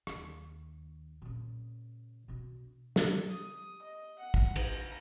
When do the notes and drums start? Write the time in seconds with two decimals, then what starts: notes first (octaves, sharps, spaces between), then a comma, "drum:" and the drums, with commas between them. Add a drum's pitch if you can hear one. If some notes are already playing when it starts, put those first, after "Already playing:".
0.07 D#2, drum: rim click
1.22 A#2 C#3
2.28 B2 D4
2.96 G4, drum: snare
3.30 D#6
3.82 D#5
4.19 F#5
4.34 drum: kick
4.56 A#5, drum: cymbal